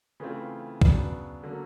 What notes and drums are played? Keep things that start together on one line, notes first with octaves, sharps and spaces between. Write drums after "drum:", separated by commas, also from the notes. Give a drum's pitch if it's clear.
C#3 E3 A3 C4 F4
C#3 F#3 B3 D4, drum: kick
D3 F#3 A#3